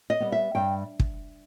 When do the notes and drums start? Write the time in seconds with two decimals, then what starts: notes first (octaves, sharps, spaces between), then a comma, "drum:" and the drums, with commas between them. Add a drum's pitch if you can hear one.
0.10 D#5
0.20 G3 B3
0.32 E5
0.55 G2 G5
1.00 drum: kick